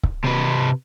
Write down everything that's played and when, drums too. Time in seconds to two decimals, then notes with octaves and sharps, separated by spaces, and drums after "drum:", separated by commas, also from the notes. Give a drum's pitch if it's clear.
0.03 drum: kick C#1
0.24 C3 B4